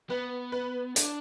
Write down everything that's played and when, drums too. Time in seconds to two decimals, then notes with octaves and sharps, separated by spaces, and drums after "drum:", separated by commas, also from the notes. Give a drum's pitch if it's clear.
0.10 B3 B4
0.52 B4
0.96 D4, drum: hi-hat